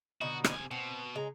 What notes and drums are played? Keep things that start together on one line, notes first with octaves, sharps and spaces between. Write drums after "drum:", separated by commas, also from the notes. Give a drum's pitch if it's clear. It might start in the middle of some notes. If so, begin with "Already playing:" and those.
B2 D3 D#4 F#4
C3 G#5, drum: rim click
B2 C4
C#3 G#3 A#5